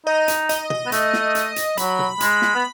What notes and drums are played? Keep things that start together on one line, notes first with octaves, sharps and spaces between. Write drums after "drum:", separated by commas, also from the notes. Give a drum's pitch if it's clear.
D#4 D#5
drum: hi-hat
D#5, drum: hi-hat
D#5, drum: tom B2
B3
A3, drum: hi-hat
drum: snare
drum: hi-hat
drum: hi-hat
F#3 B5, drum: hi-hat
drum: tom B2
G#3, drum: hi-hat
drum: snare
B3